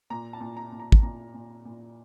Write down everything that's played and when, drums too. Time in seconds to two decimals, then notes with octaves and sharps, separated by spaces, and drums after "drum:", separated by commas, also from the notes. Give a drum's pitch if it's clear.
0.10 A#2 A#5
0.33 A5
0.41 A#2
0.57 A#5
0.72 A#2
0.79 A#5
0.92 drum: kick
1.03 A#2 A#5
1.34 A#2
1.65 A#2